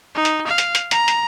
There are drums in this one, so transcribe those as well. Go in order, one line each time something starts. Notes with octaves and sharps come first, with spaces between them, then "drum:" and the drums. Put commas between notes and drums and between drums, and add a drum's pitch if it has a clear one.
D#4
drum: hi-hat
F5
drum: hi-hat
drum: hi-hat
A#5, drum: hi-hat
drum: hi-hat